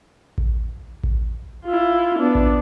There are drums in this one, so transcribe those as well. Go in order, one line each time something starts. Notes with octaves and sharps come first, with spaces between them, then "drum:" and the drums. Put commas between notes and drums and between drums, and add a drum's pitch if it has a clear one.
drum: kick A1
drum: kick A1
E4 F4
B3 D4
drum: kick A1